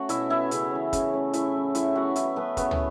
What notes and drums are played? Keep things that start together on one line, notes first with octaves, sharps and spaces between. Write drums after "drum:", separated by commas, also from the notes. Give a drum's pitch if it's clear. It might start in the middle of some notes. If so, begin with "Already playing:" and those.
Already playing: A3 C#4 F#4 F#5
B2 E4 E5, drum: hi-hat
B3 E4 E5
C#3, drum: hi-hat
E3 C#4
C#3, drum: kick, hi-hat
A3 C#4
A2 E4 E5, drum: hi-hat
F#3 C#4
A2 E4 E5, drum: hi-hat
F#3 B3 F#4 F#5
E3 E4 E5, drum: hi-hat
A3 B3 C#4 B4
C#3 B3 B4, drum: kick, hi-hat
drum: tom